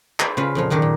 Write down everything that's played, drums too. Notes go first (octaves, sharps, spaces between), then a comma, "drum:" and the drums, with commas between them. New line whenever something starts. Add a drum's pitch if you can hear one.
F#4 G#4 B4 C5 E5 G5, drum: clap
C#3 F4 B4
F2 A#2 F3
F#2 A#2 D#3 D4 D#4
A#2